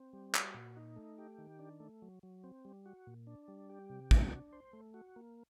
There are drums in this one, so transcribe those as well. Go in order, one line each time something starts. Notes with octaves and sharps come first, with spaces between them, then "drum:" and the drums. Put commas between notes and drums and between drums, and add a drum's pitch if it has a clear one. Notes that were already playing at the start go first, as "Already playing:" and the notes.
Already playing: C4
G3
F#4, drum: clap
A#2
D#4
A3
G4
D#3
D4
A3
F#3
F#3
C4
G3
F#4
A#2
D4
G3
G4
C3
F#4, drum: kick
D4
C5
A3
F#4
A#3